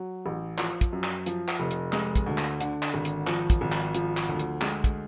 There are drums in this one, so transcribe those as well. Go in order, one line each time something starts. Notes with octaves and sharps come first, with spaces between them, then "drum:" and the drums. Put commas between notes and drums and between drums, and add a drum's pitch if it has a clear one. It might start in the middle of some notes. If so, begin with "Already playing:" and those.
Already playing: F#3
A1
F3, drum: clap
drum: kick, hi-hat
F#2
drum: clap
F3, drum: hi-hat
drum: clap
F1
drum: hi-hat
G#3, drum: clap
drum: kick, hi-hat
D2
drum: clap
D3, drum: hi-hat
drum: clap
G#1
drum: hi-hat
F3, drum: clap
drum: kick, hi-hat
G#1
drum: clap
F3, drum: hi-hat
drum: clap
D2
drum: hi-hat
G#3, drum: clap
drum: kick, hi-hat